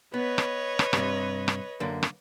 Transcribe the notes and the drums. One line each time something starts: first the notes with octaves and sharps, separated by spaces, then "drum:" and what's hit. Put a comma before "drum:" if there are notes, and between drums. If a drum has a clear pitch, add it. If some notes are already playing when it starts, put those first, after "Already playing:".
B3 B4 C#5 D#5
drum: rim click
drum: rim click
G2 C3, drum: rim click
drum: rim click
F#2 D3 A#3
drum: rim click